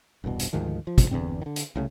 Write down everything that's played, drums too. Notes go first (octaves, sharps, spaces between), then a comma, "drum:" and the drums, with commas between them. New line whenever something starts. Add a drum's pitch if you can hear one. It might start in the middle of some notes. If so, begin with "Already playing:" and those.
E1 C2 G2 B2
drum: hi-hat
D2 G#2 D#3 F3
F3
drum: kick, hi-hat
G1 E2 D3 C4
D3 D#3
drum: hi-hat
C2 C#3 A3